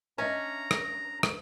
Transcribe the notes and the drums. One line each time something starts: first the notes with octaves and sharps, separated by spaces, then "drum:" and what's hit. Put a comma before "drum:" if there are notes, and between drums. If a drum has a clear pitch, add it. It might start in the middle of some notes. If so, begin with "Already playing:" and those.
C#4 D4 D#5 E5 A#5
drum: rim click
drum: rim click